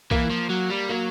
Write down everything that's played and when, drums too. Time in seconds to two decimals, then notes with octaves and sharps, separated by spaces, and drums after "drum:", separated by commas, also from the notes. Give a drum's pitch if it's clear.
0.11 E3 A#3, drum: kick
0.30 F3
0.50 F#3
0.71 G3
0.89 F#3 A#3